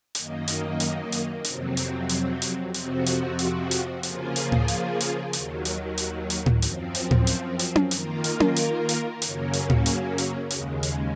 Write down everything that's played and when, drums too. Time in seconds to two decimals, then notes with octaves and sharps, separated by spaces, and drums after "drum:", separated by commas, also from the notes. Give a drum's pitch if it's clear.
0.15 F#2 D#3 A#3 D#4, drum: hi-hat
0.48 drum: hi-hat
0.80 drum: hi-hat
1.12 drum: hi-hat
1.44 F2 C3 F#3 C4, drum: hi-hat
1.77 drum: hi-hat
2.09 drum: hi-hat
2.42 drum: hi-hat
2.74 F2 C3 F3 C4 F#4, drum: hi-hat
3.06 drum: hi-hat
3.39 drum: hi-hat
3.71 drum: hi-hat
4.03 C#3 F3 A#3 F4 G#4, drum: hi-hat
4.36 drum: hi-hat
4.52 drum: tom A2
4.68 drum: hi-hat
5.00 drum: hi-hat
5.33 D#2 D#3 F#3, drum: hi-hat
5.65 drum: hi-hat
5.98 drum: hi-hat
6.30 drum: hi-hat
6.46 drum: tom A2
6.62 F#2 F3 C4, drum: hi-hat
6.95 drum: hi-hat
7.11 drum: tom A2
7.27 drum: hi-hat
7.59 drum: hi-hat
7.75 drum: tom C#4
7.91 D#3 A#3 F4 A#4, drum: hi-hat
8.24 drum: hi-hat
8.40 drum: tom C#4
8.56 drum: hi-hat
8.89 drum: hi-hat
9.22 F#2 C#3 F#3 A#3 C#4, drum: hi-hat
9.53 drum: hi-hat
9.70 drum: tom A2
9.86 drum: hi-hat
10.18 drum: hi-hat
10.50 D#2 C#3 G#3, drum: hi-hat
10.83 drum: hi-hat